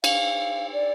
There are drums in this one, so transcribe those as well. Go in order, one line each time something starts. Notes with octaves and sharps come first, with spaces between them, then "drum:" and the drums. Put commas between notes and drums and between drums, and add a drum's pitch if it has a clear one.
F5, drum: cymbal
D5